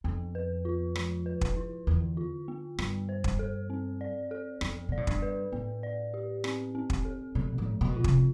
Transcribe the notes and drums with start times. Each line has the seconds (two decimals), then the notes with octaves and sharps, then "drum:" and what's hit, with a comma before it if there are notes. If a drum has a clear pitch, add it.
0.04 F2 B3
0.35 B4
0.65 F4
0.96 F3, drum: rim click
1.26 B4
1.41 drum: kick
1.56 E4
1.87 E2 D3
2.17 F4
2.48 B3
2.78 G2 B3, drum: rim click
3.09 C5
3.24 drum: kick
3.39 A4
3.70 C4
4.01 D5
4.31 A4
4.61 F2 B3, drum: rim click
4.89 B2 D5
4.97 A2
5.07 G2, drum: kick
5.22 B4
5.52 A2 B3
5.83 D5
6.14 G4
6.44 C4, drum: rim click
6.75 C4
6.90 drum: kick
7.05 A4
7.35 B2 F3
7.58 A2
7.66 F3
7.81 B2
7.97 F4
8.04 C3, drum: kick